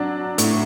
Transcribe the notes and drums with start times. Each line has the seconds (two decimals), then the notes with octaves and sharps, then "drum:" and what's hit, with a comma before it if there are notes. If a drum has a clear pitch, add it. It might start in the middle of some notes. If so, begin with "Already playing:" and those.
Already playing: F#3 D4
0.38 A2, drum: hi-hat